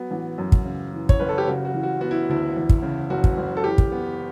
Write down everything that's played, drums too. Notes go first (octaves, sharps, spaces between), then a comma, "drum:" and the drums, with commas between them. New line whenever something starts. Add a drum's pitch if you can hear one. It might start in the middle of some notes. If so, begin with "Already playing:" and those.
Already playing: F#3 B3
A1
F#2
drum: kick
C#3
E3
C#5, drum: kick
F#1 B4
A4
G4
C#3 F#4
F#4
E3
F#4
B3 F#4
E4
D2 E4
E2
drum: kick
C#3
F#1 F#4
drum: kick
F#1
A4
E3 G4
drum: kick
B3